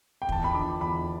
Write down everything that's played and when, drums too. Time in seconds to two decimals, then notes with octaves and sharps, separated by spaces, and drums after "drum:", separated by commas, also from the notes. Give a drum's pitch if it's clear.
0.22 G5
0.29 E2 A5, drum: kick
0.44 B5
0.54 D3 D6
0.81 E2 B5